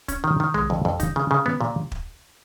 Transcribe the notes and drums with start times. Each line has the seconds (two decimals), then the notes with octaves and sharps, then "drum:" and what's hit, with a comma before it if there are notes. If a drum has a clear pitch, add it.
0.08 C#4, drum: kick, hi-hat
0.24 D#3
0.40 D#3
0.54 G#3, drum: tom A#1
0.70 F2
0.85 F2
1.00 D#4, drum: kick, hi-hat
1.16 C#3
1.31 C#3
1.46 B3
1.61 A#2
1.92 drum: kick